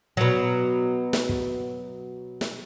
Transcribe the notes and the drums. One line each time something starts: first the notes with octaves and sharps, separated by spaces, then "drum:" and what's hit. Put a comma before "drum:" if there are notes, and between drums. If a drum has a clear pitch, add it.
B2 F#3
drum: snare
drum: kick
drum: snare